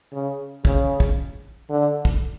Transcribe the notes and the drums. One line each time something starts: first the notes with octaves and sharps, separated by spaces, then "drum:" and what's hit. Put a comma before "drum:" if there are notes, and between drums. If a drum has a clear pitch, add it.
C#3
C#3, drum: kick
drum: kick
D3
drum: kick